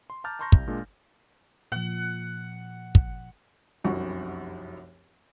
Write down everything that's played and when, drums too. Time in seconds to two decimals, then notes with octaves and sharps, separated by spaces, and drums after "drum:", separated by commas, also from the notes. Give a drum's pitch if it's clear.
0.10 C6
0.24 A5 A#5 D6 F6 G6 A6
0.39 A5 A#5 C6 C#6 G6 A#6
0.52 C2, drum: kick
0.67 A#2 G#3 D4
1.72 A#2 F3 F#5
2.95 drum: kick
3.84 F1 C2 F#2 F#4 C#6